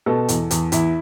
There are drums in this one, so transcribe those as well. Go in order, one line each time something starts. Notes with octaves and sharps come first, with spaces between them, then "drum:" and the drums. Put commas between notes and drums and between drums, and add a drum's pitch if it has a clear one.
B2 A4
E2, drum: hi-hat
E2, drum: hi-hat
E2 E4, drum: hi-hat